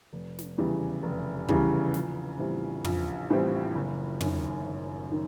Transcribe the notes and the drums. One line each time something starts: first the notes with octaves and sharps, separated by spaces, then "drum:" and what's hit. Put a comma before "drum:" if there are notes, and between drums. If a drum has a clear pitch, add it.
F1
drum: snare
E2 C#3 E3 G3
F1
E2 C#3 E3 G3, drum: kick
A#1, drum: snare
A2 E3 G3 C4
A#1, drum: tom
A2 E3 G3 C4
F#1
F#2 D#3, drum: tom
F#1
D#3